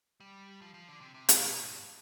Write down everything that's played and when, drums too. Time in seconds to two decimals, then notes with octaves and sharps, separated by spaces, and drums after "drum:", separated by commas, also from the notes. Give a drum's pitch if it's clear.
0.20 G3
0.62 F3
0.74 F3
0.88 D3
1.01 C3
1.14 C3
1.29 B2, drum: hi-hat
1.41 B2
1.52 B2
1.61 G#2
1.72 G2